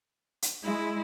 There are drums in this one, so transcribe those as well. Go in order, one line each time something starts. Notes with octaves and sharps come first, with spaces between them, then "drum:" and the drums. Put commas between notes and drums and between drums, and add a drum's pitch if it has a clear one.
drum: hi-hat
G#3 E4